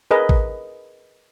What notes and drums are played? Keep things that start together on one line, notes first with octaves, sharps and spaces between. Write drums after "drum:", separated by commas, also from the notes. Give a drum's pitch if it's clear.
G#4 A#4 B4 D#5
drum: kick A1